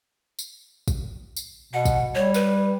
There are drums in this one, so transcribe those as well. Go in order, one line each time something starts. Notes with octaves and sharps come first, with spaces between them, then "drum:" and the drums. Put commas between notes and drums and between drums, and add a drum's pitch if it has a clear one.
drum: tambourine
drum: kick, tambourine
drum: tambourine
B2 F#5
drum: kick, tambourine
G3 C#5
B4, drum: tambourine